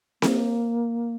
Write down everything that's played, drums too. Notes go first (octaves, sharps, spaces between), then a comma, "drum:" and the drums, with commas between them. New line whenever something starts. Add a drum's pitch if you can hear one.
A#3, drum: snare C4